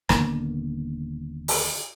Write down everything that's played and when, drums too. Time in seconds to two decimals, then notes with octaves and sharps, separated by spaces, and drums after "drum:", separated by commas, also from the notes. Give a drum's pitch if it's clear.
0.09 D#1 D3 A#3 B3, drum: rim click
1.48 drum: open hi-hat